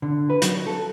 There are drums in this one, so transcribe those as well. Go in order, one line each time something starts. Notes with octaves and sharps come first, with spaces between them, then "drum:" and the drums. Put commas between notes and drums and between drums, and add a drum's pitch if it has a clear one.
D3
B4
F#3, drum: hi-hat
A4